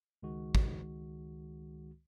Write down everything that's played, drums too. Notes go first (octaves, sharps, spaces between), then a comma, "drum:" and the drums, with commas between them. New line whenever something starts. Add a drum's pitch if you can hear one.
C#2 D#3 G#3 F#4
drum: kick